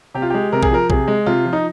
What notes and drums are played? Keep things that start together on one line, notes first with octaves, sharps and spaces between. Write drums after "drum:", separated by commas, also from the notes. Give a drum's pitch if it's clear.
C3 G4
F4
G#3 G4
C3 A#4
G#4, drum: kick A#1
F3 A#4
C3 G#4, drum: kick A#1
G#3
C3 F4
F3
D#4